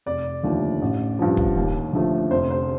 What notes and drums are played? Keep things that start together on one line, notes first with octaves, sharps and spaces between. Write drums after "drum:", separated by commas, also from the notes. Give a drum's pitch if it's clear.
F1 D5
D#2 D3 F3 A3
A1
G2 F3
drum: kick
D#2
D3 F3 A3
F1 C5
C5